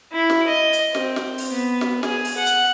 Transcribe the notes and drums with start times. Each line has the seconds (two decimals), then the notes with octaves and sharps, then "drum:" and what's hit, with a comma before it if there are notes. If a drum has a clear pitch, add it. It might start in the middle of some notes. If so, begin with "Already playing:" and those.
0.13 E4
0.30 drum: snare
0.47 D#5
0.73 drum: hi-hat
0.95 C4, drum: snare
1.16 drum: snare
1.38 drum: open hi-hat
1.53 B3
1.81 drum: snare
2.03 G#4, drum: snare
2.25 drum: open hi-hat
2.37 F#5
2.46 drum: hi-hat